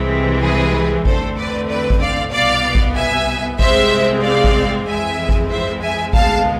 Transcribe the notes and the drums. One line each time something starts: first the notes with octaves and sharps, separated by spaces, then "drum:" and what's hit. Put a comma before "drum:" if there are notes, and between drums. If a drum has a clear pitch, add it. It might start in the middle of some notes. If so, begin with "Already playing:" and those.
Already playing: C2 C3 E3 G#3 C4
G#4 B4
E2 D3 A3 C4 A4 C5, drum: kick G#1
B4 D5
B4 D5
drum: kick G#1
D5 F5
C2 B2 B3 D5 F5
drum: kick G#1
E5 G#5
C2 C3 G#3 C4 C5 E5, drum: kick G#1
D5 F5
drum: kick G#1
F2 E3 G#3 C4 E5 G#5
drum: kick G#1
C5 E5
E5 G#5
D2 C3 G#3 B3 F5 A5, drum: kick G#1